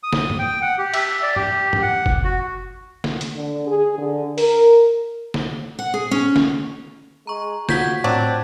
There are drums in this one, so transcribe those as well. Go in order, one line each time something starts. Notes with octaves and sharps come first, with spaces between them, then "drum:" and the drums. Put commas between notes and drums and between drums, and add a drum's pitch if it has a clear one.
D#6
drum: snare
drum: tom G2
G5
F#5
G4
E5, drum: cymbal
D5
G4, drum: tom G2
drum: tom G2
F#5
drum: kick F#1
F#4
drum: snare
drum: hi-hat
D3
G#4
D3
A#4, drum: open hi-hat
drum: snare
F#5
G#4
C#4
drum: snare
G#3 A#5 C#6
F4 F#4 G6 G#6 B6, drum: snare
A2 F#3 C4 D4